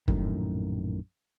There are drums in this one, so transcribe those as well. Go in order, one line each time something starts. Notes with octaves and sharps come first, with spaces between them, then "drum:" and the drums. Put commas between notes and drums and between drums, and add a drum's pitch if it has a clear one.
A#1 F#2 A2 D#3, drum: kick